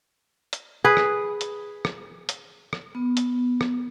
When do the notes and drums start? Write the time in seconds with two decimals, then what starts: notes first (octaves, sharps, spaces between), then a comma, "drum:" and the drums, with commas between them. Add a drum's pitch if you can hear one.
0.53 drum: hi-hat
0.84 G#4 B4
0.97 drum: rim click
1.41 drum: hi-hat
1.85 drum: rim click
2.29 drum: hi-hat
2.73 drum: rim click
2.95 B3
3.17 drum: hi-hat
3.61 drum: rim click